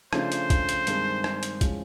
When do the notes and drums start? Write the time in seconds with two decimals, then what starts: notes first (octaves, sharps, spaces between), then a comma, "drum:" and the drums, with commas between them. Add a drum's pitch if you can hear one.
0.13 C#3 F3 A3 D4 C5, drum: rim click
0.32 drum: hi-hat
0.50 drum: kick, hi-hat
0.69 drum: hi-hat
0.87 G2 D#3 G#3 C4, drum: hi-hat
1.24 drum: rim click
1.43 drum: hi-hat
1.61 A2 F3 G#3 C#4, drum: kick, hi-hat